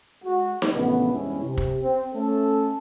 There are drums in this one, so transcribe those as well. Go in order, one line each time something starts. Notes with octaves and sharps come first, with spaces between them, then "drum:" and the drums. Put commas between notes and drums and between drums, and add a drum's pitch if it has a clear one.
G#3 F#4
drum: snare D#4
A#1 C#3 E3 A3 B3
E2 G2 G#3 C4 C#4 E4
C3
drum: kick
C4
A3 C#4 A4